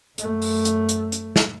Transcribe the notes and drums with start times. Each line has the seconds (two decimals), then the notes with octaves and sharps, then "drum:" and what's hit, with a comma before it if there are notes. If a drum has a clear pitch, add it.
0.18 F#2 A3, drum: hi-hat
0.42 drum: open hi-hat
0.65 drum: hi-hat
0.89 drum: hi-hat
1.12 drum: hi-hat
1.36 drum: snare